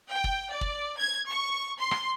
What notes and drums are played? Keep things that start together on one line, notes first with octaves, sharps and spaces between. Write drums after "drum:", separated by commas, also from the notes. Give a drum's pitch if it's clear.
G5
drum: kick
D5
drum: kick
G#6
C#6
C6
drum: rim click